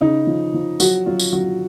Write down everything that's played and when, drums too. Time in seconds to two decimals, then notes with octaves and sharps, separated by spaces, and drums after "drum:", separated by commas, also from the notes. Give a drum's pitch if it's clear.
0.01 C#3 D#4
0.27 F3
0.54 F3
0.80 F#3 F#4, drum: tambourine
1.06 F#3 F4
1.19 drum: tambourine
1.33 F#3 F#4